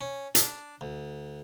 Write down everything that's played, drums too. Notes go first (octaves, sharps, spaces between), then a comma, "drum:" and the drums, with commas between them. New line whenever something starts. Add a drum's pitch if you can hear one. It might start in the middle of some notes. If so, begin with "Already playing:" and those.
C#4
D4, drum: hi-hat
D2